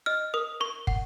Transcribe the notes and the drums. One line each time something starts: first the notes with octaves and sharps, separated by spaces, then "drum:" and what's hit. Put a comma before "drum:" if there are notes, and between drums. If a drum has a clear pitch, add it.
D#5 F6
A#4 D#6
A#4 C#6
F#5, drum: kick